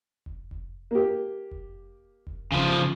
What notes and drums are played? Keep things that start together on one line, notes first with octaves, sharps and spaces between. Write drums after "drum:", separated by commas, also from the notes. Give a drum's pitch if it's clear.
drum: kick F1
drum: kick F1
A#3 G4
drum: kick F1
drum: kick F1
C#3 F3, drum: kick F1